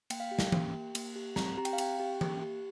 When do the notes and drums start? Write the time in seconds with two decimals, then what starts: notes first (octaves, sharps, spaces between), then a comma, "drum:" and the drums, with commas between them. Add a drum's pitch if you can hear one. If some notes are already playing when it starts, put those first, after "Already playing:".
0.10 A#3 G5, drum: cymbal
0.20 F5
0.29 G4 G5
0.39 drum: snare
0.52 A#3, drum: tom E3
0.73 G4
0.95 A#3, drum: cymbal
1.16 G4
1.36 C4 A#5, drum: snare
1.57 G4 A#5
1.65 G5, drum: cymbal
1.73 F5
1.78 C4 G5, drum: cymbal
2.00 G4
2.21 A#3, drum: tom E3
2.42 G4